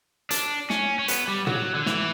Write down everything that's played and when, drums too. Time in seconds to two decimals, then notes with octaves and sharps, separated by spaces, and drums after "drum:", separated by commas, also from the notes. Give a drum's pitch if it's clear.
0.31 D4, drum: hi-hat
0.70 C#4, drum: snare
0.99 C#4
1.08 B3, drum: hi-hat
1.28 G3
1.47 F#3, drum: tom
1.75 D3
1.86 E3, drum: snare